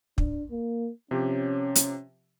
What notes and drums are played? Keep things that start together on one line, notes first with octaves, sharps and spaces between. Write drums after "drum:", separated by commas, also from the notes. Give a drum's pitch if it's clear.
D4, drum: kick
A#3
C3 F3 C#4 G4
drum: hi-hat